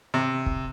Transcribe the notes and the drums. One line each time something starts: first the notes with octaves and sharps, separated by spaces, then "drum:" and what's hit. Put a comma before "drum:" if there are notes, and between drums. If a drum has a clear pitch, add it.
C3
drum: kick